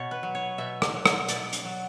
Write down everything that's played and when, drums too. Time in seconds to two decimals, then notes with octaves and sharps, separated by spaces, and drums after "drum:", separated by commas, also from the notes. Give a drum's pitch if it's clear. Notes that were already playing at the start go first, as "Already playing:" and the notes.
Already playing: B2 C#5
0.11 B4
0.23 F#3
0.35 C#5
0.58 B2 E5
0.82 drum: rim click
0.94 F#3
1.06 drum: rim click
1.29 B2 D5, drum: hi-hat
1.53 drum: hi-hat
1.64 F#3